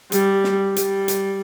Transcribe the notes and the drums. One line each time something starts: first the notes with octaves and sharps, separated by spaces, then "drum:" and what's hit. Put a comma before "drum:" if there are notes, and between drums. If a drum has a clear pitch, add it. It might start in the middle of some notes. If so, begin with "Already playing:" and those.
G3, drum: hi-hat
drum: snare
G3, drum: hi-hat
drum: hi-hat